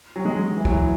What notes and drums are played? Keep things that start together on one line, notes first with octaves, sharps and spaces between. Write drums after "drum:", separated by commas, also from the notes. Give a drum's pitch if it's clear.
F#3
G#3
E3
F#3, drum: kick
E3